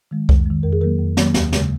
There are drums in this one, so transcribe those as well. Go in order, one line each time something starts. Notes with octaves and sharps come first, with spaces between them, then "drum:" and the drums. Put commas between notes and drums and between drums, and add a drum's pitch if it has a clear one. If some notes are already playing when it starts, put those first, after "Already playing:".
D#3 G#3
F2, drum: kick C2
D#3 G#3
F2 A#4
G#4
D#3 F#3 A#3 A#4
F2
D#3 F#3 A#3, drum: snare
D#2, drum: snare
C#3 G#3, drum: snare